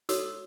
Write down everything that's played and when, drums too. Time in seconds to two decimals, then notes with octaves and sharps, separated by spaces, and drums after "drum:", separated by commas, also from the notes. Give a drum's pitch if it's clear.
0.09 F#4 A4 C#5 E6, drum: hi-hat